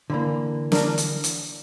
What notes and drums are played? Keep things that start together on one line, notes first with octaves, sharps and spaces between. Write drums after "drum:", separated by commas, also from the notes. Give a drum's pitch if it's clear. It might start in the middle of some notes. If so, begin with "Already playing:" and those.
D3 E3 A#3
D4 A#4, drum: snare
drum: hi-hat
drum: hi-hat